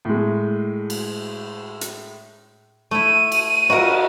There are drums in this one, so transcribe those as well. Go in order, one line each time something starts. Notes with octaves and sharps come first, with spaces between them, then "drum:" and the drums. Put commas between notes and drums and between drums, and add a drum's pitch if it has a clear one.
A2 G#3
drum: cymbal
drum: hi-hat
A3 E4 D#7
drum: cymbal
F#4 A#4, drum: cymbal